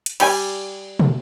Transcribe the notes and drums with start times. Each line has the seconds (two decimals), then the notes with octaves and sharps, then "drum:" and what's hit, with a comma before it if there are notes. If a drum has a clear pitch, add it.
0.06 drum: hi-hat
0.20 G3 G4 G#5, drum: cymbal
1.00 drum: tom